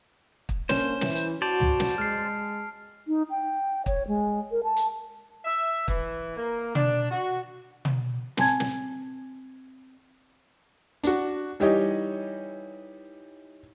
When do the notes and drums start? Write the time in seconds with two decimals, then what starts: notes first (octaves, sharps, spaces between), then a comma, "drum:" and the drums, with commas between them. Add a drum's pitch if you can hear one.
0.49 drum: kick
0.69 A#3 C#4 D4 C5 E7, drum: snare
1.01 E3, drum: snare
1.15 drum: hi-hat
1.42 F#4 C5 D5 A5 D7 F7
1.60 drum: tom
1.80 drum: snare
1.98 G#3 F6 C7
3.08 D#4
3.30 G5
3.86 C#5, drum: kick
4.08 G#3
4.51 A#4
4.64 A5
4.77 drum: hi-hat
5.45 E5
5.88 E3, drum: kick
6.37 A#3
6.75 D4, drum: tom
7.11 F#4
7.85 drum: tom
8.37 C4 G#5 A5 G#6, drum: snare
8.60 drum: snare
11.04 D4 F#4, drum: hi-hat
11.60 E3 G3 D#4 G4 C#5 D#5